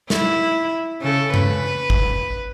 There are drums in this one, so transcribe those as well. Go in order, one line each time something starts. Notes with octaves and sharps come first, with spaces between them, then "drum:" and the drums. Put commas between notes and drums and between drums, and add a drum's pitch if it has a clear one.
E4, drum: snare
C#3 A4
B4, drum: tom G2
drum: kick